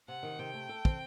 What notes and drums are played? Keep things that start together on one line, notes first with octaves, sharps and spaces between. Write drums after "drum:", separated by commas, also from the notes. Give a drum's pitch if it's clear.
C3 F#5
D#3
C3 G5
A3
A4
C4, drum: kick